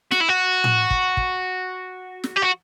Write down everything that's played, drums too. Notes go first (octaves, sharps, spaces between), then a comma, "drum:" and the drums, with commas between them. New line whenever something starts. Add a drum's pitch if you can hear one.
F#4, drum: snare
E4
F#4
drum: tom A2
drum: kick
drum: kick
drum: snare
G4
F#4